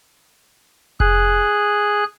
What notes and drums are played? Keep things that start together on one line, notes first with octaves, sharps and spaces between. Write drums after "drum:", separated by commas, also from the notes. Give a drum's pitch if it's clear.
G#4 F#6, drum: kick F1